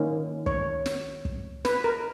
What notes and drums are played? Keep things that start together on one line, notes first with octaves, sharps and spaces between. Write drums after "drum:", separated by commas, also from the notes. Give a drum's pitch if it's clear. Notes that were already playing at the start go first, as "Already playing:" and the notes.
Already playing: D#3 A#3 C#4
C#5, drum: kick
drum: snare
drum: kick
B4, drum: snare
A#4